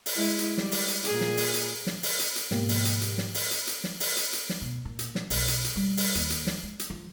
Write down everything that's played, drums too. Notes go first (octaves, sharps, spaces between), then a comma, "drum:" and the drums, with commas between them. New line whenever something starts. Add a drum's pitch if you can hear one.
drum: open hi-hat
G#3 E4
drum: hi-hat
G3, drum: snare
drum: open hi-hat
drum: hi-hat
A#2 G#4, drum: hi-hat
drum: snare
drum: open hi-hat
drum: hi-hat
drum: snare
drum: open hi-hat
drum: hi-hat
drum: hi-hat
G#2 B2 F3 A#3 G4, drum: snare
drum: open hi-hat
drum: hi-hat
drum: hi-hat
drum: snare
drum: open hi-hat
drum: hi-hat
drum: hi-hat
drum: snare
drum: open hi-hat
drum: hi-hat
drum: hi-hat
drum: snare
B2
A#2
drum: hi-hat
drum: snare
B1, drum: open hi-hat
drum: hi-hat
drum: hi-hat
G3
drum: open hi-hat
D#2, drum: hi-hat
drum: hi-hat
drum: snare
G#3
drum: hi-hat
F3